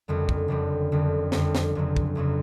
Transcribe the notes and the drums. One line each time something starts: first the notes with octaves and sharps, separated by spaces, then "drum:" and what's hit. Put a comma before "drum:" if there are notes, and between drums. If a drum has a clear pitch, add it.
F#1 F2 D3 G3
drum: kick
F#1 F2 D3 G3
F#1 F2 D3 G3
F#1 F2 D3 G3, drum: snare
drum: snare
G1 F2 C#3 F#3
drum: kick
G1 F2 C#3 F#3